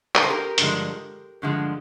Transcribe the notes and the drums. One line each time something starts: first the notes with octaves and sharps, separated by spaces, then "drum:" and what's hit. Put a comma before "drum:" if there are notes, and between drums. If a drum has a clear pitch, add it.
A#4, drum: clap
C5
G4 A#4
G2 D3 F3 G#3, drum: hi-hat
G2 D3 F3 G#3